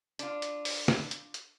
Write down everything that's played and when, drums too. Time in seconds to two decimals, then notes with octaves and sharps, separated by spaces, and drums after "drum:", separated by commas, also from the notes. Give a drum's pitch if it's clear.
0.19 D4 F4, drum: hi-hat
0.42 drum: hi-hat
0.65 drum: open hi-hat
0.88 drum: snare
1.11 drum: hi-hat
1.34 drum: hi-hat